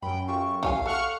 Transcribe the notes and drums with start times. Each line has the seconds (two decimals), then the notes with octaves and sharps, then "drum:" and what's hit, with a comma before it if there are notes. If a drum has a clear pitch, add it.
0.02 F#2 G5 B5
0.28 F4 G4 A4 C#6
0.63 E3 C#5 F5 G#5, drum: kick
0.86 A4 F#5 C#6 F6